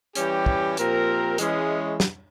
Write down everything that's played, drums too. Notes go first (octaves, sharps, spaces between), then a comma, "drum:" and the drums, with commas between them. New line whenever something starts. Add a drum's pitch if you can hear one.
E3 G3 C#4 G4, drum: hi-hat
drum: kick
A#2 F3 C4 G4 A#4, drum: hi-hat
E3 G#3 C#4, drum: hi-hat
drum: snare